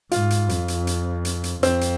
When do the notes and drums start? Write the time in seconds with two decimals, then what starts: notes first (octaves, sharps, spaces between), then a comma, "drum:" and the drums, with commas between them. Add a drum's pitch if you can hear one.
0.11 G#2 F4, drum: hi-hat
0.30 drum: hi-hat
0.49 F2, drum: hi-hat
0.68 drum: hi-hat
0.87 drum: hi-hat
1.25 drum: hi-hat
1.44 drum: hi-hat
1.63 F2 C4, drum: hi-hat
1.81 drum: hi-hat